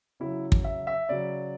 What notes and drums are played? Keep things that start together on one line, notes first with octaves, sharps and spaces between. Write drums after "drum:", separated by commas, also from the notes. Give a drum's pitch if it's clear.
C#3 F#3 E4
drum: kick
E5
E5
C#3 F#3 D5